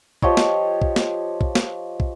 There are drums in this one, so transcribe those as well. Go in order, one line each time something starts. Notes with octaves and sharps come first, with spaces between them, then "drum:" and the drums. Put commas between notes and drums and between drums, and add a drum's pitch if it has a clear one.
F3 G4 C#5 D#5, drum: kick
drum: snare
drum: kick
drum: snare
drum: kick
drum: snare
drum: kick